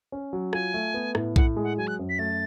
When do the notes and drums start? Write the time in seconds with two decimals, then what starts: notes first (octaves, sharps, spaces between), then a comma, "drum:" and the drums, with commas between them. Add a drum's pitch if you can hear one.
0.12 C#4
0.33 F#3
0.53 F4 G#5, drum: rim click
0.74 A3
0.94 B3
1.15 A2, drum: rim click
1.36 A2 F#5, drum: kick A#1
1.57 G#3
1.63 F#5
1.78 F#3 G#5
1.87 F#6
1.99 F#2
2.09 B6
2.19 A3 A6